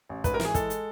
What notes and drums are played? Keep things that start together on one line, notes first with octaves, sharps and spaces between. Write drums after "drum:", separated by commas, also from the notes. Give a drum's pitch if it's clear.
A1
G#2 B4, drum: kick, hi-hat
A#4
E3, drum: snare
G#4
G#3 A4, drum: kick, hi-hat
drum: hi-hat